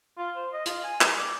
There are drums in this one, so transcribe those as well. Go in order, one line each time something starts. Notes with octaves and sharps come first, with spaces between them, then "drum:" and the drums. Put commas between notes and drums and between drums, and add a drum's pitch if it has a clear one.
F4
C5
D#5
F4, drum: hi-hat
G#5
G3, drum: clap
D5